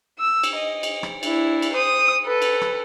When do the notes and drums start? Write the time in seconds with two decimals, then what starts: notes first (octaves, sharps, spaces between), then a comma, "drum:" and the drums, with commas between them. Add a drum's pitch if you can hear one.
0.19 E6
0.44 drum: cymbal
0.56 D#5
0.83 drum: cymbal
1.03 drum: rim click
1.23 D4 E4, drum: cymbal
1.62 drum: cymbal
1.74 C5 D#6
2.26 A4 B4
2.42 drum: cymbal
2.61 drum: rim click